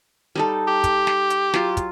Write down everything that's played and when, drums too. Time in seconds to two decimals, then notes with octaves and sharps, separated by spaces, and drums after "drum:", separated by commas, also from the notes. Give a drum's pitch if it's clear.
0.35 G3 D#4 A4
0.67 G4
0.84 drum: kick, hi-hat
1.07 drum: snare
1.30 drum: hi-hat
1.54 F#3 F4, drum: snare
1.77 drum: kick, hi-hat